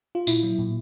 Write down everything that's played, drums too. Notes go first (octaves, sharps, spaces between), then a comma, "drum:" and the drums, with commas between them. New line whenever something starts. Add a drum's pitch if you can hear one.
F4
A#2 E4, drum: tambourine
F#3
A#2